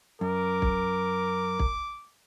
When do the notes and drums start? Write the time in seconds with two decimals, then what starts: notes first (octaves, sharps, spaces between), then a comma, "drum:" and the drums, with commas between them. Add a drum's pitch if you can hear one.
0.21 F#2 A#4 D6
0.62 drum: kick
1.59 drum: kick